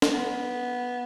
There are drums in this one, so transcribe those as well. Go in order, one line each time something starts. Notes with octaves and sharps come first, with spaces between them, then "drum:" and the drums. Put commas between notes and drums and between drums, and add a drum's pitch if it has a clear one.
drum: snare
B3